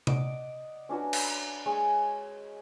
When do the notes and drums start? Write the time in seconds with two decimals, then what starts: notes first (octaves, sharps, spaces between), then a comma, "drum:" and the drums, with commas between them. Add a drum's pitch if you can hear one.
0.07 D5 D#5 F#5 D6, drum: tom C3
0.89 C#4 D4 F#4 B4
1.03 A#5
1.13 drum: cymbal
1.66 G#3 C#5 G#5